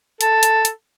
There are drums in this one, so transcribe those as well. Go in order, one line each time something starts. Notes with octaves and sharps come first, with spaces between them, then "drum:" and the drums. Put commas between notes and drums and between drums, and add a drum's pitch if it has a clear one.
A4, drum: hi-hat
drum: hi-hat
drum: hi-hat